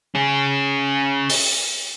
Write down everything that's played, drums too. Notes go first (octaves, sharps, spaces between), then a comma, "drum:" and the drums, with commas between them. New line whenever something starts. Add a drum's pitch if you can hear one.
C#4 G#4
drum: open hi-hat